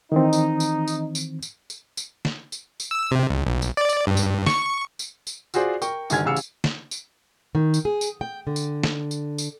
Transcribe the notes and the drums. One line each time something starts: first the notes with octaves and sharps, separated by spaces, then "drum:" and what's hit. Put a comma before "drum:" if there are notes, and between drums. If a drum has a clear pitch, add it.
D#3 E3 C4 D#4
drum: tambourine
drum: tambourine
drum: tambourine
drum: tambourine
drum: tambourine
drum: tambourine
drum: tambourine
drum: snare
drum: tambourine
drum: tambourine
E6
C3
C#2
B1
drum: tambourine
D5
drum: tambourine
G2
drum: tambourine
C#6, drum: snare
drum: tambourine
drum: tambourine
F4 F#4 G#4 C5 D5, drum: tambourine
A#4 G5 C#6, drum: tambourine
G#1 G2 D3 G#5 F6 G#6, drum: tambourine
A1 C#3 F5 E6 C#7
drum: tambourine
drum: snare
drum: tambourine
D#3
drum: tambourine
G#4
drum: tambourine
G5
D3
drum: tambourine
drum: snare
drum: tambourine
drum: tambourine